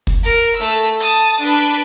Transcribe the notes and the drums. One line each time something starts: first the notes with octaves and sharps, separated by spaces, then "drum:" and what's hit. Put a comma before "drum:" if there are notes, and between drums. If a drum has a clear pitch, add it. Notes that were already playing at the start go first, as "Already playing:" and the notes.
drum: kick
A#4
A3 E6
A5 D#6, drum: hi-hat
D4 B4